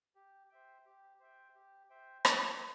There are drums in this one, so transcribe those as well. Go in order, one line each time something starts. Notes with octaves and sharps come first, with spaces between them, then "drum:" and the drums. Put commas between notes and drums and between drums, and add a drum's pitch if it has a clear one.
G4
C5 E5 G5
G4
C5 E5 G5
G4
C5 E5 G5
E4, drum: rim click